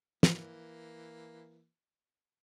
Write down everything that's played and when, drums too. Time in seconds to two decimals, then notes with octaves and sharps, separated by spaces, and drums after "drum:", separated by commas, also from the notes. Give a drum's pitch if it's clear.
0.23 E3 A#3, drum: snare